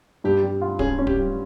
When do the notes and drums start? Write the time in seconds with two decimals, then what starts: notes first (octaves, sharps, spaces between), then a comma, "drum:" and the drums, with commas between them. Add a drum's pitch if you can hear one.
0.24 G2 G4
0.43 G3
0.62 F4
0.79 C#4 G#4, drum: kick D1
0.99 C#4
1.07 G4, drum: kick D1
1.17 G3